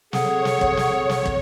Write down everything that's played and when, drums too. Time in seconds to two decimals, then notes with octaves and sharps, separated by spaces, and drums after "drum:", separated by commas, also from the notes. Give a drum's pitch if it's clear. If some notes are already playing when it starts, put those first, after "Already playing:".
0.13 G#4 A4 C#5 F#5, drum: snare
0.45 drum: snare
0.61 drum: kick
0.77 drum: snare
1.09 drum: snare
1.26 drum: kick